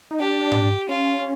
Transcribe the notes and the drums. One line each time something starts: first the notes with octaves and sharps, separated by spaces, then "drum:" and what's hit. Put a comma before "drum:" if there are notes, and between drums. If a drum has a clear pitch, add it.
D#4
D4 G4
drum: tom G#2
C#4 F4